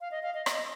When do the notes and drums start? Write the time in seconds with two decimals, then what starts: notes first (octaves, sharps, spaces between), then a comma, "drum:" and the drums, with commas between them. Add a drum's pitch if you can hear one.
0.01 F5
0.11 D#5
0.23 F5
0.34 D#5
0.46 D#5, drum: rim click